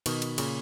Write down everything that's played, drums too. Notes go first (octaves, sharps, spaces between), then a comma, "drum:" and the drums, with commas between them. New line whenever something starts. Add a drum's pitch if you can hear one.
B2 D#3, drum: cymbal
drum: cymbal
A#2 C#3, drum: cymbal